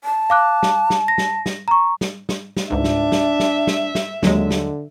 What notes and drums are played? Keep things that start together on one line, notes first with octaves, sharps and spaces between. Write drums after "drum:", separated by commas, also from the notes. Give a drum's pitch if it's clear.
A5
F5 D6 F#6
drum: snare
drum: snare
A#6
drum: snare
drum: snare
A#5 C#6
drum: snare
drum: snare
drum: snare
C#2 G#2 D4 E5
drum: snare
drum: snare
drum: snare
drum: snare
drum: snare
D#2 D3 F#3 G#3, drum: snare
drum: snare